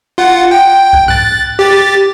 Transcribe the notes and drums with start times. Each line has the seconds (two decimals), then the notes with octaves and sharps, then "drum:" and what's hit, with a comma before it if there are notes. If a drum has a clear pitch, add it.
0.18 F4 F#5
0.51 G5
0.93 drum: kick C2
1.08 F#6 A6, drum: tom G#2
1.59 G4 A6